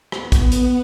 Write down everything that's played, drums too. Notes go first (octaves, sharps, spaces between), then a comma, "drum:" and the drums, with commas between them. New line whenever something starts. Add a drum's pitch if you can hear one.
B3, drum: rim click
drum: kick, hi-hat
drum: hi-hat